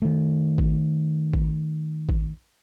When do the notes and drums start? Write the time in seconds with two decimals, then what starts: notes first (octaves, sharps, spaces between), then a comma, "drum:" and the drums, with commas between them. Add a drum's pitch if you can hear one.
0.02 D#3 A3
0.58 drum: kick A1
1.33 drum: kick A1
2.09 drum: kick A1